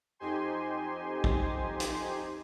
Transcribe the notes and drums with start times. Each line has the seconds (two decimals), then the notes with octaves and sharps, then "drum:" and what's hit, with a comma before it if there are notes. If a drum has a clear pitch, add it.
0.19 F2 D#4 G4 C5 G#5 C6
1.24 drum: kick A#1
1.80 drum: hi-hat